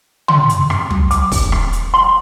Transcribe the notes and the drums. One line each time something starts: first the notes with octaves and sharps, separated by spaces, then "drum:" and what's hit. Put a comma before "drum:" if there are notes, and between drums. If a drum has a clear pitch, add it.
C6, drum: tom
drum: hi-hat
drum: rim click
drum: tom
D6, drum: hi-hat
drum: kick, open hi-hat
drum: rim click
drum: hi-hat
C6